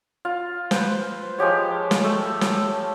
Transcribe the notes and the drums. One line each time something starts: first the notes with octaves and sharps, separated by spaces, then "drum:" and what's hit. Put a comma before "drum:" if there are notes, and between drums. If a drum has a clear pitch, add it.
F4
B4 C5, drum: snare
F3 G#3 G4 C#5
drum: snare
A3 A4
drum: snare